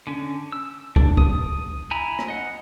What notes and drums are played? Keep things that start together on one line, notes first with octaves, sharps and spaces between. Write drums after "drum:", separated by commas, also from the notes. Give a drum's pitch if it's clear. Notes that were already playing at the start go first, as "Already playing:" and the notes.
D3 C#4
E6
D4, drum: kick
D#6, drum: kick
E4 G#5 A#5 B5
drum: rim click
D#5 F#5